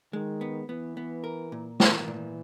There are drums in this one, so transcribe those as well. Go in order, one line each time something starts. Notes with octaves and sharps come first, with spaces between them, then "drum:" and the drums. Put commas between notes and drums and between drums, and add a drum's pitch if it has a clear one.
D#3 G#3
B3
E3 B3
B3
A#4
A#2
E3 A#4, drum: snare
A#2